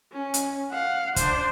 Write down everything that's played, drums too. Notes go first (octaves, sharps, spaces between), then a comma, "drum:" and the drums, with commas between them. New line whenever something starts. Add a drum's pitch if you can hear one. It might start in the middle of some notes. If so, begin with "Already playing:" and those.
C#4
drum: hi-hat
F5 F#5
D4 C5, drum: kick, hi-hat